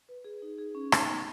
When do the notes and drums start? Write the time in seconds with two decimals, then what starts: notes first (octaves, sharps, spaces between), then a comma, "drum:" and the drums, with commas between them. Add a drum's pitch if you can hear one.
0.09 B4
0.25 G#4
0.42 D#4
0.59 G#4
0.75 C#4
0.92 D#4, drum: rim click
1.09 B3